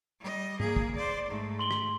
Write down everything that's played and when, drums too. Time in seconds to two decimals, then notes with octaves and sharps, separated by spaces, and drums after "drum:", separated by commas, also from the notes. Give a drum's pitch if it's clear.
0.20 G3 D#5
0.60 A#3 G#4, drum: tom
0.76 drum: kick
0.95 C5 D5
1.28 G#2 A3
1.59 C6 F#7 G7
1.71 drum: rim click